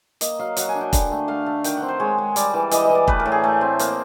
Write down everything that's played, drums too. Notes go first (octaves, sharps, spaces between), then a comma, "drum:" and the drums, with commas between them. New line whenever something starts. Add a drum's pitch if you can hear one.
A#3 D#5, drum: hi-hat
F#3 F5
F#3 F#5, drum: hi-hat
G#5
D4
G5
D3 F#5, drum: kick, hi-hat
A3
A3 F5
A3
D#3 G5, drum: hi-hat
F#5
C4
C5
G#3 C#5
G#3
G3 D5, drum: hi-hat
E3
E3 D#5, drum: hi-hat
D#5
E3
D5
A3 B4, drum: kick
A#4
A2
G#4
A3
C4
A#3, drum: hi-hat